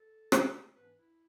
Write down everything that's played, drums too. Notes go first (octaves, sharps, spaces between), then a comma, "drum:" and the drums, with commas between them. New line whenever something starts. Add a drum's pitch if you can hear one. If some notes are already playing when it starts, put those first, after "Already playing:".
Already playing: A4
A2 F3 A3, drum: rim click
G#2 E3 B3 D4 B4
E4